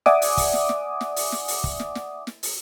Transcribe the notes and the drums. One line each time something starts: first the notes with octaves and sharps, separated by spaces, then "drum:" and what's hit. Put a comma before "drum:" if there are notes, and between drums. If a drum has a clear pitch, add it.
D5 E5 F#5 G#5 D6 D#6, drum: snare
drum: open hi-hat
drum: kick, open hi-hat
drum: snare
drum: snare
drum: snare
drum: open hi-hat
drum: snare
drum: open hi-hat
drum: kick
drum: snare
drum: snare
drum: snare
drum: open hi-hat